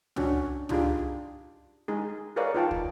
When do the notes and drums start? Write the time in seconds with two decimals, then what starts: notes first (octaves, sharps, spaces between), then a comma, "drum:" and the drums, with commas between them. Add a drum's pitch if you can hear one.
0.16 C#4 D4 F#4 C#5, drum: tom
0.69 D4 D#4 F4 G4 G#4, drum: tom
1.88 G#3 D#4 G#4
2.36 G#4 A#4 B4 C#5 D5 F5
2.55 D#4 F4 G5 A5
2.71 drum: kick